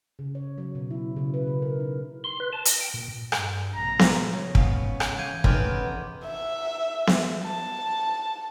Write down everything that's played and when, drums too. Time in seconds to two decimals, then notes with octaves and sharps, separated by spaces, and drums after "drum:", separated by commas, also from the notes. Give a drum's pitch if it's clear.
0.19 C#3
0.35 C#5
0.58 F#3
0.75 B2
0.91 E4
1.17 C#3
1.34 B4
1.47 C#3
1.62 A#4
1.80 D#4
2.24 C6
2.40 B4
2.53 A5
2.65 A#6, drum: hi-hat
2.80 G5
2.94 A#2
3.32 G2, drum: rim click
3.75 A#1 C3 A#5
3.99 drum: snare B3
4.33 C#3
4.55 G#2 B3 F5, drum: kick
5.00 drum: rim click
5.19 E3 F5 G6 G#6 D#7
5.44 F1 C#3 B3 G5 C6 D6 F6, drum: kick
6.25 E5
7.07 drum: snare B3
7.44 A5